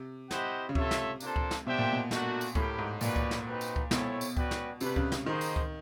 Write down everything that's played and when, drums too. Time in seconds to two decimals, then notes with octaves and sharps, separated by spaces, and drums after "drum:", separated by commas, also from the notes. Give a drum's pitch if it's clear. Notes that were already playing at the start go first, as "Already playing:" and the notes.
Already playing: C3
0.31 E4 G4 C5 D#5 F#5, drum: snare
0.69 C#3
0.75 C3 F4 A4 C#5 E5, drum: kick C#2
0.91 drum: snare
1.20 A#3 D4 F4 A4 C5, drum: tambourine
1.36 drum: kick C#2
1.51 drum: snare
1.66 B2 D4 G4 C5 E5 G5
1.78 A#2
1.93 B2
2.11 A3 D4 F#4 A#4, drum: snare
2.41 drum: tambourine
2.55 A2 E4 G4 A#4, drum: kick C#2
2.78 G#2
3.01 A#2 C#4 F#4 B4 D5, drum: tambourine
3.16 drum: kick C#2
3.31 drum: snare
3.46 C4 D#4 F#4 B4
3.61 drum: tambourine
3.76 drum: kick C#2
3.91 B2 C4 E4 A4 C#5, drum: snare
4.21 drum: tambourine
4.37 C#4 F#4 B4 D5 G5, drum: kick C#2
4.51 drum: snare
4.81 C3 A3 D4 G4 B4, drum: tambourine
4.96 C#3, drum: kick C#2
5.12 C#3, drum: snare
5.26 D#3 A#3 D#4 G#4 C5
5.41 drum: tambourine
5.56 drum: kick C#2